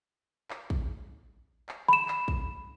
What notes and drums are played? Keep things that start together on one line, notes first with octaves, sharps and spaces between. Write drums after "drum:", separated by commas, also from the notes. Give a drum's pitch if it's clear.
drum: clap
drum: kick
drum: clap
B5 E7
drum: clap
drum: kick